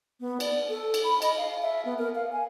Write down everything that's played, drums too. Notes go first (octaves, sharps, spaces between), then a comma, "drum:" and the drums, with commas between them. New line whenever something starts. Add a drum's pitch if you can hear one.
B3
D5, drum: cymbal
A4
drum: cymbal
B5
D#5, drum: cymbal
F5
E5
B3
A#4
F5
G#5